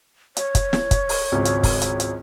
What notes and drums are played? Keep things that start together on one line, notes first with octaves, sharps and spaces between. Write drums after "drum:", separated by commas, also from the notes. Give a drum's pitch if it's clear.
C#5, drum: hi-hat
drum: kick, hi-hat
drum: snare
drum: kick, hi-hat
drum: open hi-hat
G#1 C#2
drum: hi-hat
drum: kick, open hi-hat
drum: hi-hat
drum: hi-hat